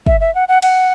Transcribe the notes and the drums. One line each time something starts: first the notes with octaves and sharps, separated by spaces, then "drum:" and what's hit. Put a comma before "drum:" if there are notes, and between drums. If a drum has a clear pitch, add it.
E5, drum: kick
E5
F#5
F#5
F#5, drum: cymbal